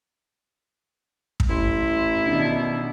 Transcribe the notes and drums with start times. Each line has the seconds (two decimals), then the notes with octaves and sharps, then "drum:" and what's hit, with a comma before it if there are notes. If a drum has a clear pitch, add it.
1.40 drum: kick
1.50 A1 E4 C6
2.25 B2 D#3 D4